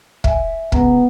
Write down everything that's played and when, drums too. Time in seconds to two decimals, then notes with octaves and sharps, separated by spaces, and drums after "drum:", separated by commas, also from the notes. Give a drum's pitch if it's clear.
0.24 E5 G#5, drum: kick
0.72 C#2 C#3 B3 A#5, drum: kick